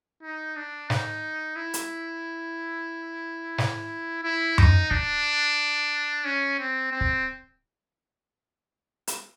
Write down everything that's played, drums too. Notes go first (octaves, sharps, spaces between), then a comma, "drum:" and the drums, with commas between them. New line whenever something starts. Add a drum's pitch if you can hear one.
D#4
D4
D#4, drum: snare
E4
drum: hi-hat
drum: snare
E4
D#4, drum: tom F#2
D4, drum: kick
C#4
C4
C4
drum: kick
drum: hi-hat